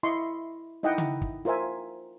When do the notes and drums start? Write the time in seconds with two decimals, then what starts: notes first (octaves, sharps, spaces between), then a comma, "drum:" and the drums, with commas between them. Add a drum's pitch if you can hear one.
0.03 E4 D#5 C6 C#6
0.83 D#4 E4 D#5 F#5 G5
0.98 drum: tom C#3
1.22 drum: kick
1.45 F4 A#4 C5 E5 G#5